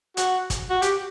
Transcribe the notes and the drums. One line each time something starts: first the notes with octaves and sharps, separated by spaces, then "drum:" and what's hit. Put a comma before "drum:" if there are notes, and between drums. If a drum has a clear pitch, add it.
F#4, drum: hi-hat
drum: kick, hi-hat
F#4
G4, drum: hi-hat